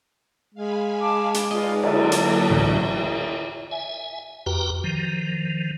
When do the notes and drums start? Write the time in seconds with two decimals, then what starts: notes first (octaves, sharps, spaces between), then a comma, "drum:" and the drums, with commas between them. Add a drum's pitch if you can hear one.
0.55 G#3 F5 G#5 B5
1.01 A5 D6
1.34 drum: hi-hat
1.51 D#4 F4 B4 D5 D#5
1.83 D3 F#3 A#3 A4, drum: cymbal
2.12 drum: hi-hat
2.50 A1 D2
3.71 E5 G#5
4.46 F2 F#4 G4 B4 G5 A#5
4.84 D#3 F3